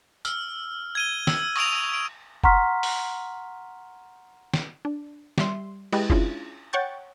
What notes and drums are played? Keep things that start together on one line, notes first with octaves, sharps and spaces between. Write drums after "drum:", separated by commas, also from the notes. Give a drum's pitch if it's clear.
E6 F6, drum: tambourine
G#6 D#7 G7
E6, drum: snare
C#6 D#6 D7 F7, drum: cymbal
D7
F#5 A#5 C6 C#6 F6 B6, drum: kick F#1
drum: open hi-hat
drum: snare
D4
G3 E5 C6, drum: snare
G#3 E4 G4 B4 D#5 G5, drum: cymbal
C#4 D4 E4 F4 G#4, drum: kick F#1
C#5 F#5 G5 C#6 G6 A6